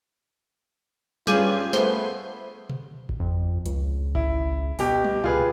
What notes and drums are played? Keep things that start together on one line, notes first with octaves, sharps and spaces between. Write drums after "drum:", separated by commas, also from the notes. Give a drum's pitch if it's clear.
G2 G3 C#4 F4 G#4, drum: snare
A3 B3 C5, drum: snare
drum: tom B2
drum: kick G#1
F2
C#2, drum: hi-hat
E4, drum: kick G#1
B2 G4, drum: open hi-hat
drum: tom
C#2 F4 G#4 B4, drum: tom C3